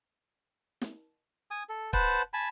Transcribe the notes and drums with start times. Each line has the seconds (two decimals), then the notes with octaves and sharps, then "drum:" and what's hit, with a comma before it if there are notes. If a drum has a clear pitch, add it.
0.82 drum: snare
1.51 G#5 D#6
1.69 A4
1.93 B4 C5 F#5 A5, drum: kick C#1
2.33 G#5 A5 B5